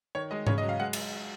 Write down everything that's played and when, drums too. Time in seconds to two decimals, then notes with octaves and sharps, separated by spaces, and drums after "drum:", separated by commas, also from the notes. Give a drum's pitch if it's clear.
0.15 D#3 C#5
0.31 G#3 D#5
0.47 C#3 C#5, drum: tom G#2
0.58 D#5
0.63 F#3
0.69 F5
0.80 G#3 F#5
0.93 drum: cymbal